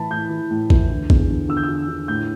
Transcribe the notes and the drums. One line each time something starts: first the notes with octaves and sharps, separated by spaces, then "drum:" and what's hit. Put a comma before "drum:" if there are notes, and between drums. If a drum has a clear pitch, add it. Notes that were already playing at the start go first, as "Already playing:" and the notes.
Already playing: A2 E3 A5 B5
A2 G6
E3
A2
E3, drum: kick A#1
D3
E2, drum: kick A#1
D3
D3 E6
G6
E6
D3
D3
A2 G6